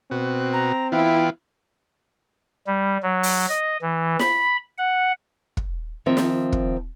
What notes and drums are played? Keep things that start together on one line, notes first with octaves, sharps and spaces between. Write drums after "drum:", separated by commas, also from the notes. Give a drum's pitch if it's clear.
B2 C4 F#4
A#5
E3 B3 E4 F4 G5
G3
F#3
drum: open hi-hat
D#5
E3
B5, drum: snare
F#5
drum: kick
D#3 F3 C4 E5
drum: snare
drum: kick